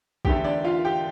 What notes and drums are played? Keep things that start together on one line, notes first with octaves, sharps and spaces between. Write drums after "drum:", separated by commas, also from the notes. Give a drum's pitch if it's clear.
E2 D3 A3 G4 G5, drum: kick
D4 D5
F4 F5
G4 G5